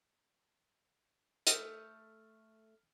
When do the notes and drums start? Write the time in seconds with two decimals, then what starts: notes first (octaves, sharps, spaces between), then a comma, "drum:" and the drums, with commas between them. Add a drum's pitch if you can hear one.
1.47 A3 D#6 F6 G6, drum: hi-hat